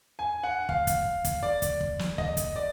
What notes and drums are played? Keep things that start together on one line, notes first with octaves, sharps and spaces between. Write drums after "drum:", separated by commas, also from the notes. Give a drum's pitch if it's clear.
G#5
F#5
F5, drum: kick
drum: kick, hi-hat
drum: kick, hi-hat
D5
drum: kick, hi-hat
drum: kick
drum: snare
D#5, drum: kick
drum: kick, hi-hat
D5